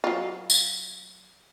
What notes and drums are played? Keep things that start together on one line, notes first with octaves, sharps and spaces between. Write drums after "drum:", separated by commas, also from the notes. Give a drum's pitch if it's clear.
F#3 F4
drum: tambourine